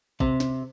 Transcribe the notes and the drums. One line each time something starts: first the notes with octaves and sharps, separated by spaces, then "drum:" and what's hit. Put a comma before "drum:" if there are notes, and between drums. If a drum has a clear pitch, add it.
C3, drum: kick
drum: snare